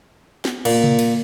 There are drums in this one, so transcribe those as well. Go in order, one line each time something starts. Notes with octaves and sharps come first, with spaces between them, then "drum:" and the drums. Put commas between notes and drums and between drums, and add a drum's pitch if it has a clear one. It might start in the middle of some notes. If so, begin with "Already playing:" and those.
drum: snare
A#2, drum: cymbal
drum: tom C3
drum: cymbal